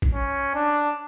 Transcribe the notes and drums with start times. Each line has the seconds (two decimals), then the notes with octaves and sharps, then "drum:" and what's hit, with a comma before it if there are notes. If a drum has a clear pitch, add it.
0.02 drum: kick
0.14 C#4
0.55 D4